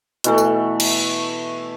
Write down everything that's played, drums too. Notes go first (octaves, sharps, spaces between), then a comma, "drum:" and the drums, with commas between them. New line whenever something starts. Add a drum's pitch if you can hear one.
B2 E3 A3, drum: hi-hat
drum: tambourine
drum: cymbal